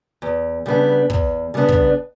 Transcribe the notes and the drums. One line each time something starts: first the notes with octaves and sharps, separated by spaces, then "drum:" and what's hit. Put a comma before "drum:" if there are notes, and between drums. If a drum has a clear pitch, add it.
E2
C#3 G3 B3 D4
E2, drum: kick
C#3 G3 B3 D4
drum: kick